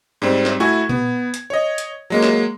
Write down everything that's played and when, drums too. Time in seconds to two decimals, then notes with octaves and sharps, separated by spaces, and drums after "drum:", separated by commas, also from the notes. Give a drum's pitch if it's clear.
0.22 G#2 G3 C4
0.45 drum: snare
0.60 A3 E4 F#4 G#5 C#6 G#6
0.89 B3, drum: tom A#2
1.34 drum: hi-hat
1.50 C#5 D#5
1.78 drum: hi-hat
2.10 F#3 G#3 A#3
2.22 drum: snare